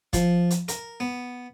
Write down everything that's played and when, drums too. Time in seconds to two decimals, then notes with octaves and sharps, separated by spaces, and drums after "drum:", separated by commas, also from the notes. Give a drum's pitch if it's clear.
0.13 F3, drum: kick, hi-hat
0.50 drum: hi-hat
0.68 A#4, drum: hi-hat
1.00 B3